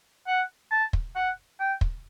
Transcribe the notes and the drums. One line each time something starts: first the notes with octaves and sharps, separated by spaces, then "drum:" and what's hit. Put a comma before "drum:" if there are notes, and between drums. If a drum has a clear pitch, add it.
F#5
A5
drum: kick
F#5
G5
drum: kick